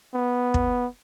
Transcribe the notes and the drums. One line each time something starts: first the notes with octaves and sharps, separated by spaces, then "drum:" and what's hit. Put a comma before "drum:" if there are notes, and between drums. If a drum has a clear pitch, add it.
B3
drum: kick